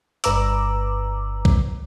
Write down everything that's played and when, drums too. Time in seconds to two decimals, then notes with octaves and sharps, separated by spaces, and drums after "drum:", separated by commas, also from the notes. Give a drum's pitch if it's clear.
0.24 G1 G2 B4 A#5 D6 E6, drum: hi-hat
1.45 drum: kick B1